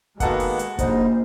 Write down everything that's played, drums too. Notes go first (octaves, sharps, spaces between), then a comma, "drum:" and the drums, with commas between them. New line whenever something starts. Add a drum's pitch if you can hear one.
D#3 G#3 A#3 B3 F#4 A4 F#5, drum: kick F#1, hi-hat
drum: open hi-hat
drum: hi-hat
A#1 D3 G3 D#4 C5, drum: kick F#1, hi-hat